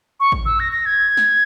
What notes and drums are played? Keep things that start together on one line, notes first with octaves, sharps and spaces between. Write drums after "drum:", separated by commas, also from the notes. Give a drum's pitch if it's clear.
C#6
drum: kick
E6, drum: tom
A#6
A#6
G#6
drum: snare